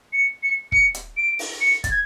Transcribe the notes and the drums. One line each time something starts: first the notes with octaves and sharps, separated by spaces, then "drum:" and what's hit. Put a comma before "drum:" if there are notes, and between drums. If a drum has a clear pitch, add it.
C#7
C#7
C#7, drum: kick
drum: hi-hat
D7
drum: open hi-hat
C#7
A6, drum: kick, hi-hat
G#6